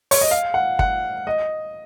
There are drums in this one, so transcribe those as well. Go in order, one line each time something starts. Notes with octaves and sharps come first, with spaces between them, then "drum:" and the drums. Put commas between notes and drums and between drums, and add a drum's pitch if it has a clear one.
C#5, drum: open hi-hat
D#5
F5
F#5
F#5, drum: kick G1
D#5